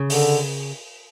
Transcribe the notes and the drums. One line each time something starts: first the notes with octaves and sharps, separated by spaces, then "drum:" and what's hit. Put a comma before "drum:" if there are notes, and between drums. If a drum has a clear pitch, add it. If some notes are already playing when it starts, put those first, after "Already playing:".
Already playing: C#3
D3, drum: open hi-hat